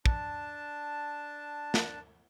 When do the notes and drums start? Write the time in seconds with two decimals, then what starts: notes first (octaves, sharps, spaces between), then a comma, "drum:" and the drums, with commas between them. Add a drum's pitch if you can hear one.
0.06 D4 A5, drum: kick
1.74 drum: snare